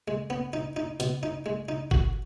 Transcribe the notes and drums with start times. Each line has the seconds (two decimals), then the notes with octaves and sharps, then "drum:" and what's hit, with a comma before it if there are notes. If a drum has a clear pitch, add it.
0.08 G#3
0.30 B3
0.53 D#4
0.76 D#4
1.00 B2, drum: hi-hat
1.23 D#4
1.46 G#3
1.69 D#4
1.91 F#4, drum: kick